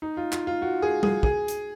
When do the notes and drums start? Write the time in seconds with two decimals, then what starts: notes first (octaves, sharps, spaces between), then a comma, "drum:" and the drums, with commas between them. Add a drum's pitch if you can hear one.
0.02 D#4
0.17 F4
0.32 F4, drum: clap
0.47 F4
0.62 F#4
0.82 G#4
1.03 G#4, drum: tom G3
1.23 G#4, drum: kick
1.48 drum: hi-hat